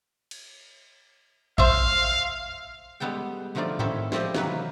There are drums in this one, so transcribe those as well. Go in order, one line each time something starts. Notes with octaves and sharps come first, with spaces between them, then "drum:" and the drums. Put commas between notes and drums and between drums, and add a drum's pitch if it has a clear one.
drum: cymbal
C5 E5 F5, drum: kick A1
G3 G#3 B3 A4 G5
D3 F3 A3 D#4 F4 D5
D#3 C4 C#4 E4 A4, drum: tom G#2
F3 A3 C4 G4 D5 D#5, drum: snare
C3 D#3 E3 F#3 A#3 B4, drum: snare